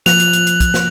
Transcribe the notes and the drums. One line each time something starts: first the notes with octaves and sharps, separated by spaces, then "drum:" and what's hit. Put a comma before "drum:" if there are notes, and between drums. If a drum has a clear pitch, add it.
F3 F#6 F7, drum: snare
drum: hi-hat
drum: hi-hat
drum: hi-hat
drum: kick, hi-hat
drum: snare